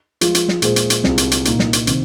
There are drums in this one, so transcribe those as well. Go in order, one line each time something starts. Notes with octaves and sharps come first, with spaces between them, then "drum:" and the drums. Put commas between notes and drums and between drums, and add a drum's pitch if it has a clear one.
F3 G#3 F4, drum: hi-hat
drum: hi-hat
drum: snare
A#2 G#3 F4 G#4 C5, drum: hi-hat
drum: hi-hat
drum: hi-hat
C2 C3 G#3 C4 F4, drum: snare
drum: hi-hat
drum: hi-hat
A#2 A#3 D#4, drum: hi-hat
drum: snare
drum: hi-hat
C3 D#3 C4, drum: hi-hat